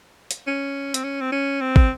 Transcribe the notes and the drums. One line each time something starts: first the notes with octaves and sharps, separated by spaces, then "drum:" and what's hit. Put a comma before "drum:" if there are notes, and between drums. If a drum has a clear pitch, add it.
drum: hi-hat
C#4
C4, drum: hi-hat
C#4
C4
C#4
C4
drum: kick